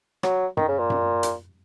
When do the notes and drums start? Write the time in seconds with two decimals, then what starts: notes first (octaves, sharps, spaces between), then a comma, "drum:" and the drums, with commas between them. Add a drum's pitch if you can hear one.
0.23 F#3, drum: rim click
0.57 D#3, drum: tom F#2
0.68 C#3
0.79 A#2
0.90 drum: tom F#2
1.23 drum: hi-hat